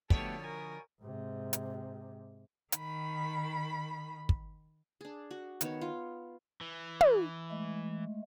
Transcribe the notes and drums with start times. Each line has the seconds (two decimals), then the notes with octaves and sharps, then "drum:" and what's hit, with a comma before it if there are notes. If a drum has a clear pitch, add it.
0.10 B2 D3 F3 A3 B3 G4 A4 C#5, drum: kick
0.44 A#4 G#5
1.02 G#2 C3
1.53 drum: hi-hat
2.72 D#3 B5, drum: hi-hat
4.29 drum: kick
5.01 D4 G#4
5.31 F#4
5.61 D#3 B3 C#5, drum: hi-hat
5.81 F4
6.61 E3
7.01 drum: tom
7.51 G#3 A3